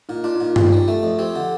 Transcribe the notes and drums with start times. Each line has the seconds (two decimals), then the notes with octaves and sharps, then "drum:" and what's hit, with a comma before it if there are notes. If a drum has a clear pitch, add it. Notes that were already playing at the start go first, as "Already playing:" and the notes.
0.09 A#2 D#4
0.24 D4 F4
0.35 D#4
0.41 A#2 F4
0.56 A#2 G4, drum: tom G2
0.72 G3
0.88 A3
1.03 F2
1.19 C4 G4
1.35 D3